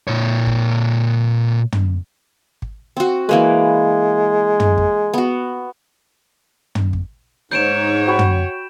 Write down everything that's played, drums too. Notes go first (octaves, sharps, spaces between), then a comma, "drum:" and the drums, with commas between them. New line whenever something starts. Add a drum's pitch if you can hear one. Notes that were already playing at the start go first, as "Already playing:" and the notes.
A#2 C#5
drum: kick
drum: tom
drum: kick
C4 F#4
E3 G#3 A#3 B4
drum: tom
drum: kick
B3 F#4
drum: tom
drum: kick
G#2 C#5 G6 D7 E7
F#4 G5 B5
drum: tom